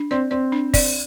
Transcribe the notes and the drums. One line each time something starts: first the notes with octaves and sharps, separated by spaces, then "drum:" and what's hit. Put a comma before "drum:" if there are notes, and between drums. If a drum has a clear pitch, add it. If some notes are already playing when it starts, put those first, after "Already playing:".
Already playing: D4
C4 D5
C4 D5
D4
D5, drum: kick, open hi-hat